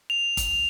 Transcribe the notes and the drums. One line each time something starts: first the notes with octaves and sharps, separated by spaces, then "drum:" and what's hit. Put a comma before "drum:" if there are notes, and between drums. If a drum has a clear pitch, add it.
F7
drum: kick G1, hi-hat